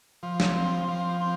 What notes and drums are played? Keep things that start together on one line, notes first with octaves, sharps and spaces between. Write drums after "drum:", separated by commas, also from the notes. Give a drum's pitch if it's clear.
F3
drum: snare
C4
F3
C4